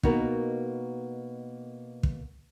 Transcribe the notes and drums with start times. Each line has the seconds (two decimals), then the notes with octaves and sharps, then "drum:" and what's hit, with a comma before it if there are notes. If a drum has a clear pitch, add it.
0.03 B2 A#3 B3 D#4 F#4 A#4, drum: kick
2.03 drum: kick